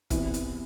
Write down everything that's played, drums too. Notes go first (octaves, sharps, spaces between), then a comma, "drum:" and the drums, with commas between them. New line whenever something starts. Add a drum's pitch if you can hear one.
E2 C3 E3 B3, drum: kick, hi-hat
drum: hi-hat